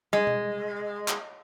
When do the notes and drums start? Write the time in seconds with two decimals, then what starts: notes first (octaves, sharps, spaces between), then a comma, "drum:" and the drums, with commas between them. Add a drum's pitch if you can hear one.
0.13 G#3, drum: tom
0.27 drum: tom
1.08 drum: clap